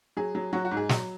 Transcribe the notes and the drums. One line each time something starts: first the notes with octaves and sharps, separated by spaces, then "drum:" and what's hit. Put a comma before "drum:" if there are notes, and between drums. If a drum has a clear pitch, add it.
F#3 G#4
F#3
F#3 F#4
F#4
G#2
G#4
F#3, drum: snare